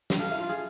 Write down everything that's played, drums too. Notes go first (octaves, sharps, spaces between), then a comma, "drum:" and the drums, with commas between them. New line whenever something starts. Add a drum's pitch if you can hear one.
drum: snare
A4 F5
E4
F4
G#4